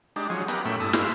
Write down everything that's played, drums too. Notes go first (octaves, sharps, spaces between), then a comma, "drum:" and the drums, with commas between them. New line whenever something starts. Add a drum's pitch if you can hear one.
G#3 D4 D#4 G4
F3 F#3 C#4 G#4
B3 G4 A#4, drum: hi-hat
A2 A3 C#4 E5 G5 B5
G2 E4 A4 D#6
B4 E5 F5 C6, drum: snare